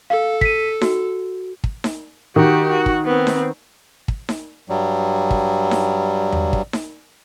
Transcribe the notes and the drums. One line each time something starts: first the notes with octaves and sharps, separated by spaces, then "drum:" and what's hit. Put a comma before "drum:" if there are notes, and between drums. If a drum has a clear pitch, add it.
A4 F5
B6 D#7, drum: kick
F#4, drum: snare D#4
drum: kick
drum: snare D#4
D#3 F#4 G4
F#4
drum: kick
B3 C4
drum: snare D#4
drum: kick
drum: snare D#4
G2 F#3 G3
drum: kick
drum: snare D#4
drum: tom E2
drum: kick
drum: snare D#4